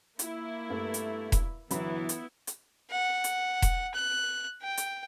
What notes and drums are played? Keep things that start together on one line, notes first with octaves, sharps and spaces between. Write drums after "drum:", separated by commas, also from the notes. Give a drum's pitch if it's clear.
A#3 E4, drum: hi-hat
G2 A3 B3
drum: hi-hat
drum: kick E1, hi-hat
G1 E3 F#3 B3 E4 B5, drum: hi-hat
drum: hi-hat
drum: hi-hat
F#5
drum: hi-hat
drum: kick E1, hi-hat
F#6
G5
drum: hi-hat